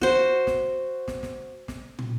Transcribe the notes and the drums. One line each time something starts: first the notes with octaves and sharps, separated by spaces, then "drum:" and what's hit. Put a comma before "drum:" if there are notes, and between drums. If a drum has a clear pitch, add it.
F#4 C5, drum: snare
drum: snare
drum: snare
drum: snare
drum: snare
drum: tom